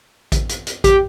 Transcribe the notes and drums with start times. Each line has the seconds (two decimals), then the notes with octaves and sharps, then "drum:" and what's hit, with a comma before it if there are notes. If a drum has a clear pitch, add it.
0.32 drum: kick A1, hi-hat
0.49 drum: hi-hat
0.67 drum: hi-hat
0.84 G4, drum: kick A1, hi-hat